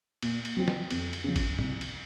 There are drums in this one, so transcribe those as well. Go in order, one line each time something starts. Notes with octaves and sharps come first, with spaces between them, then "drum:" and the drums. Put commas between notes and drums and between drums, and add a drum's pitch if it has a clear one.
A#2, drum: cymbal
drum: cymbal
F#3 C4 F4
drum: snare
F2, drum: cymbal
drum: cymbal
C#3 F3
drum: kick G#1, cymbal
C2, drum: tom G#2
drum: cymbal